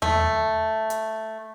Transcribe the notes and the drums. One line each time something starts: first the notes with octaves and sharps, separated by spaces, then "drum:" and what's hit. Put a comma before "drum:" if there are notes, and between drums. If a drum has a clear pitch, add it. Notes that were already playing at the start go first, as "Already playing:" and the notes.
A3, drum: tom E2
drum: hi-hat